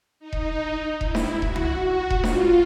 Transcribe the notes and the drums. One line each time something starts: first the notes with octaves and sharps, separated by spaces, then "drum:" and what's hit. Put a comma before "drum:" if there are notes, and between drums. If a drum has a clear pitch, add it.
D#4
drum: kick E1
E4, drum: kick E1
drum: snare D4
F#4, drum: kick E1
drum: tom
F#4
drum: kick E1
F4, drum: snare D4